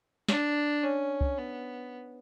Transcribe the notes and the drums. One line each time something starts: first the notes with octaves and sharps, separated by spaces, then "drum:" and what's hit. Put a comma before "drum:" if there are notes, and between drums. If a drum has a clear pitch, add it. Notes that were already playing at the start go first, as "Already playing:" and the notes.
D4, drum: snare
C#4
drum: kick
B3